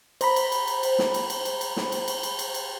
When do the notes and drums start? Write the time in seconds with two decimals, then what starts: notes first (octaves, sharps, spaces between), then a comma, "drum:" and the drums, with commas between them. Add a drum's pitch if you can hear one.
0.21 C5 A#5 B5, drum: cymbal
0.36 drum: cymbal
0.52 drum: cymbal
0.67 drum: cymbal
0.83 drum: cymbal
0.99 drum: snare
1.14 drum: cymbal
1.30 drum: cymbal
1.45 drum: cymbal
1.61 drum: cymbal
1.77 drum: snare
1.92 drum: cymbal
2.08 drum: cymbal
2.23 drum: cymbal
2.39 drum: cymbal
2.54 drum: cymbal